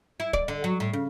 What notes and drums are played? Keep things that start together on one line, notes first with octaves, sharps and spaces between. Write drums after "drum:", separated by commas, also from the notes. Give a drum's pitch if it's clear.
E4
D5, drum: kick C#1
D3
F#3
A2
C#3